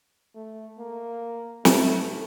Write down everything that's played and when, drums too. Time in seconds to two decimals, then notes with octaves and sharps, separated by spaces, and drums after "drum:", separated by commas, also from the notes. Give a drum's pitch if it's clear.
0.35 A3
0.79 A#3
1.65 A3, drum: snare